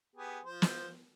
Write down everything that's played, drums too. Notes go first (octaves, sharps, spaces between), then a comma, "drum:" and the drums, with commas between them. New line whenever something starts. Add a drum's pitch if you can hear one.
B3 G4 G#4
F3 C5
drum: snare